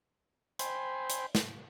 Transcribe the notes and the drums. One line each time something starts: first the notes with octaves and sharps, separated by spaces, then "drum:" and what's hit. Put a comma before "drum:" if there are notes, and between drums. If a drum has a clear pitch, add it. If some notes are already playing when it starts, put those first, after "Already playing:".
C5 G5 G#5 B5 C6, drum: hi-hat
drum: hi-hat
drum: snare